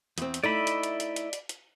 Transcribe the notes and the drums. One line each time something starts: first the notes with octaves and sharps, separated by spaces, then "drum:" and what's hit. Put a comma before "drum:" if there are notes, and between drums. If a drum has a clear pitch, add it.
E2 C4, drum: hi-hat
drum: hi-hat
A3 D#4 E4 D5 D#5 B5
drum: hi-hat
drum: hi-hat
drum: hi-hat
drum: hi-hat
drum: hi-hat
drum: hi-hat